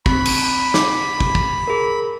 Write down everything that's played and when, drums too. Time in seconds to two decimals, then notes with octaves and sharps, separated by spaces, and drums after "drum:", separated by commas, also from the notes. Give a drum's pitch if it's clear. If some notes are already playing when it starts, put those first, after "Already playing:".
0.06 C4 B5, drum: kick
0.25 drum: cymbal
0.74 D6, drum: snare
1.20 drum: kick
1.35 drum: kick
1.67 G#4 A#4